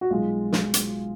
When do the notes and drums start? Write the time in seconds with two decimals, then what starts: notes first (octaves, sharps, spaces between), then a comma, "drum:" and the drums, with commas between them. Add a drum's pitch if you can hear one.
0.01 F#4
0.10 B1 B2 G#3 F4
0.52 drum: snare
0.74 drum: hi-hat